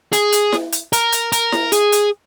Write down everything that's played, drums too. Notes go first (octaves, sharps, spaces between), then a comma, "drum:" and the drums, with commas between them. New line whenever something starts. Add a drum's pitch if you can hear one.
G#4, drum: hi-hat
drum: hi-hat
drum: snare E4
drum: hi-hat
A#4, drum: hi-hat
drum: hi-hat
A#4, drum: hi-hat
drum: snare E4
G#4, drum: hi-hat
drum: hi-hat